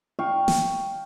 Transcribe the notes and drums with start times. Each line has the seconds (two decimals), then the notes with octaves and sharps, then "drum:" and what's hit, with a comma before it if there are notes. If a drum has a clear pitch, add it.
0.19 F5 G5 C#6
0.48 drum: snare